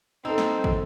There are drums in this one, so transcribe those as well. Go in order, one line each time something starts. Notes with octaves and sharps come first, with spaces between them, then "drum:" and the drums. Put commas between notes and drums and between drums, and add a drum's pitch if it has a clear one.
C4 D#4 A4 E6
drum: snare
drum: kick